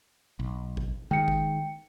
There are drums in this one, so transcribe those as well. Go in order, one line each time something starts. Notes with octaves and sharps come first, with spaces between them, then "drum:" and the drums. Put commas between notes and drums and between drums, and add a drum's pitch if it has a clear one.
B1
drum: kick G#1
D#3 G#3 G5 C#7
drum: kick G#1